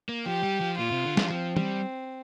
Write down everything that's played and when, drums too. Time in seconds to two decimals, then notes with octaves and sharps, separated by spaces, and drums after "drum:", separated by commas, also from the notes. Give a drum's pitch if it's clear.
0.09 A#3
0.26 F3 G4
0.44 G3
0.61 F3
0.78 A#2 F4
0.91 C3
1.05 D3
1.17 F3, drum: snare
1.30 F3 C4
1.57 G3, drum: tom